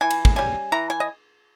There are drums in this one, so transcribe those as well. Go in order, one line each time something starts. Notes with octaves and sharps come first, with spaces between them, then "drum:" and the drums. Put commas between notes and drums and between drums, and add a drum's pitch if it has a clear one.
E3 G#5
drum: cymbal
drum: kick
G3 C#4 G#5
E3 A#5
G#5
D#5